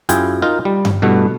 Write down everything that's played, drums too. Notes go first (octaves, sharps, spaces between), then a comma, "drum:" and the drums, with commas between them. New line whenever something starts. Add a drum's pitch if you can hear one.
F#2 E4 F4 G#4 G5, drum: hi-hat
D#4 F4 A#4
G3
drum: tom G2
G2 B2 A3 B3 E4